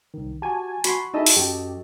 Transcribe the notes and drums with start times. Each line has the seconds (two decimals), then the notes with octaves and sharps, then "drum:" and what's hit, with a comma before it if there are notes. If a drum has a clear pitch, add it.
0.14 C2 D#3
0.42 F#4 G4 G#5 A5
0.84 F#4 B5 C6, drum: hi-hat
1.14 D#4 E4 G#4 A4 D#5 E5
1.26 drum: open hi-hat
1.36 F#2 G4